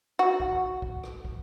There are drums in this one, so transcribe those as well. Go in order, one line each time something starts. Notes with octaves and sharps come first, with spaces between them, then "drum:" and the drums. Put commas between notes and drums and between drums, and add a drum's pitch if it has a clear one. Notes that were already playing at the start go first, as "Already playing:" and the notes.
F#4
drum: kick
drum: kick
drum: rim click
drum: kick